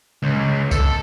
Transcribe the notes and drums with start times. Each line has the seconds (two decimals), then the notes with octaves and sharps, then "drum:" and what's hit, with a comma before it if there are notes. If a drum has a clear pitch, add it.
0.23 C#2
0.71 A4, drum: kick C2, tambourine